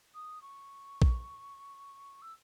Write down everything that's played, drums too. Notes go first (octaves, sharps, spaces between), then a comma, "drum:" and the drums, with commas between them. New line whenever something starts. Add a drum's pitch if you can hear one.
D#6
C#6
drum: kick A#1
E6